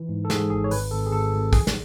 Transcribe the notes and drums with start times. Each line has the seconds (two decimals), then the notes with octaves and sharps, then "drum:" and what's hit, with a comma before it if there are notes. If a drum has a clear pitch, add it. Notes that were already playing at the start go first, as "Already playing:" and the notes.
Already playing: E3
0.09 G#2
0.25 A4
0.30 G#2 G#4, drum: snare
0.50 G#1 G#4
0.64 C#5
0.71 G#1 B4, drum: open hi-hat
0.91 G#1 A4
1.06 G#4
1.12 G#1 A4
1.33 G#1
1.53 A1 G#4, drum: kick, open hi-hat
1.67 drum: snare